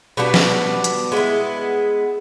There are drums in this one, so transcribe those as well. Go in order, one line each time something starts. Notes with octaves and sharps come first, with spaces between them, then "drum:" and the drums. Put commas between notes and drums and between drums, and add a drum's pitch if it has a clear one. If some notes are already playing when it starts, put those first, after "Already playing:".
B2 G3 B3 D4
drum: snare
drum: hi-hat
G#3 B3 E4